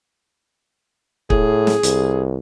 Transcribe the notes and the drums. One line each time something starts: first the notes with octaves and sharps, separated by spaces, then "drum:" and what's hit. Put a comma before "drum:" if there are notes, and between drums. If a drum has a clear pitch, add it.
A2 G#4, drum: kick
drum: snare
C2, drum: hi-hat